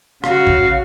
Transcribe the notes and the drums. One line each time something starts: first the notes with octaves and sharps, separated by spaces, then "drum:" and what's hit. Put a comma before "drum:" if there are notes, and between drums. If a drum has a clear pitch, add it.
C#3 F#4 F5, drum: rim click
drum: kick A1